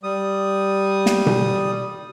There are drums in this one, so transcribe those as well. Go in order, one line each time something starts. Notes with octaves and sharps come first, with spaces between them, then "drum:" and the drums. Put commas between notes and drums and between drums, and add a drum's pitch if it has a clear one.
G3 D#6
drum: snare
drum: tom B2